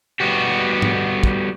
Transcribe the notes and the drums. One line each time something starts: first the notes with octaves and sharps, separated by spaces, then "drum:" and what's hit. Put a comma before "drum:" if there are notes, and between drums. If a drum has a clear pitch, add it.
G3 B3 F#4 G4
drum: tom G#2
drum: kick